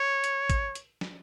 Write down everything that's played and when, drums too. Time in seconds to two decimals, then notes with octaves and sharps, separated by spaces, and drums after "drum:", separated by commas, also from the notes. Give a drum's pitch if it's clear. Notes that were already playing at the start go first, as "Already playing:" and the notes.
Already playing: C#5
0.24 drum: hi-hat
0.50 drum: kick, hi-hat
0.75 drum: hi-hat
1.01 drum: snare